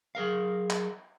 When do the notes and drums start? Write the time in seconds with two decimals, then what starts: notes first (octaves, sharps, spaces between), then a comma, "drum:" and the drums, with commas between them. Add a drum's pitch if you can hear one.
0.15 F#3 G#4 A#4 F5
0.70 drum: clap